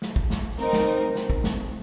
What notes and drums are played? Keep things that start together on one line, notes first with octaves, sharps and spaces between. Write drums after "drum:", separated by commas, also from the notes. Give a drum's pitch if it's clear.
drum: snare
drum: kick
drum: snare
C4 D#4 A#4, drum: hi-hat
drum: snare
drum: hi-hat
drum: snare
drum: kick
drum: snare